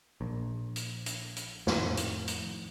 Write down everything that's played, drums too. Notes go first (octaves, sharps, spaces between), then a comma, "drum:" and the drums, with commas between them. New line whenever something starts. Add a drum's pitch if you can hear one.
A#1
drum: hi-hat
drum: hi-hat
drum: hi-hat
F2 A2 D#3, drum: snare
drum: hi-hat
drum: hi-hat